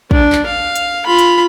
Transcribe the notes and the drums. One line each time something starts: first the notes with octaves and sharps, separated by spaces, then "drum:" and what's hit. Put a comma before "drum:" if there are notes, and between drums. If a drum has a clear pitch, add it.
D4, drum: kick
drum: clap
F5
drum: hi-hat
F4 B5
drum: hi-hat